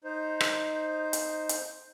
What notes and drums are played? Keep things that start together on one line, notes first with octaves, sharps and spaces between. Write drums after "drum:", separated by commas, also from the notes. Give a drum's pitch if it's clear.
D#4 C5
drum: rim click
drum: hi-hat
drum: hi-hat